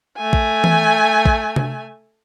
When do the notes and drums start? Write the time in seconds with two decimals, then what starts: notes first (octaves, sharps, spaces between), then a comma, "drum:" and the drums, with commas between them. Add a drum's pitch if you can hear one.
0.18 A3 G#5
0.33 drum: kick
0.64 drum: tom E3
1.26 drum: kick
1.56 drum: tom C3